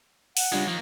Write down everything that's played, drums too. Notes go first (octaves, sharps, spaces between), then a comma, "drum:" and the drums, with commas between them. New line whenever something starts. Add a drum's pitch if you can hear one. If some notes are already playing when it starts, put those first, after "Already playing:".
F#5, drum: open hi-hat
C#3 G3 G#3 D4 F4
D#3 F3 A#3